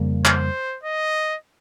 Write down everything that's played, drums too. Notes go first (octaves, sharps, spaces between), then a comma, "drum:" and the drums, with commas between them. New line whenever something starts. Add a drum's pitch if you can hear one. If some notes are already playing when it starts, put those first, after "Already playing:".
Already playing: F2 C#3 G3 A#3
C5, drum: clap
D#5